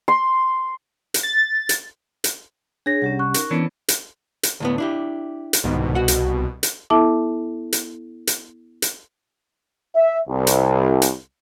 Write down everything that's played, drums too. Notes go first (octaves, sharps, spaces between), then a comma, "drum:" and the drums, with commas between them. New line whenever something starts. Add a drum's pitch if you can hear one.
C6
drum: hi-hat
A6
drum: hi-hat
drum: hi-hat
D4 G#4 C#5 A#6
C2 C#4 G4 F#5
C#6 F#6
D#4 A#4, drum: hi-hat
E3 B3 C#4 D4
drum: hi-hat
drum: hi-hat
D2 A2 B3
D4 E4 G4
drum: hi-hat
C2 G#2 B2 D#3
F#4 F#5
drum: hi-hat
drum: hi-hat
B3 E4 A4 E5 A5 D6
drum: hi-hat
drum: hi-hat
drum: hi-hat
E5
C2
drum: hi-hat
drum: hi-hat